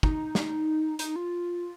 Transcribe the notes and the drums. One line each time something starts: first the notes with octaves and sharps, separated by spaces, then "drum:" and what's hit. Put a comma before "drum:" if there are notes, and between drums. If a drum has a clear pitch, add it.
D#4, drum: kick
drum: snare
D#4, drum: hi-hat
F4